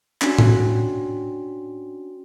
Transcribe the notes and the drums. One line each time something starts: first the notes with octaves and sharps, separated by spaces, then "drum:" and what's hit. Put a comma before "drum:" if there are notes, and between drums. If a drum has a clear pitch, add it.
C#4 D4 F#4, drum: clap
drum: tom A2